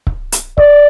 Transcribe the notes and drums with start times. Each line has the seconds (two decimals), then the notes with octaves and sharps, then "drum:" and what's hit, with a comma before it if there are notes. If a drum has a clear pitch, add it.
0.07 drum: kick C#1
0.32 drum: hi-hat
0.58 D5, drum: kick C#1